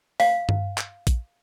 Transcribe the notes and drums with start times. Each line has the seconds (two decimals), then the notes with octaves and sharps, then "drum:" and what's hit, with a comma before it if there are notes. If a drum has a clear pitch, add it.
0.20 F5, drum: open hi-hat
0.49 drum: tom G2
0.78 drum: clap
1.07 drum: kick A#1, hi-hat